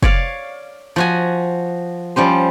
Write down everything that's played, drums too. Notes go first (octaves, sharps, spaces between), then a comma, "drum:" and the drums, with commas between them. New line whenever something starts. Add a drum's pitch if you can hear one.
C#5 D5 F5, drum: kick F1
F3 F#4 G#5
F3 G3 C#4 C5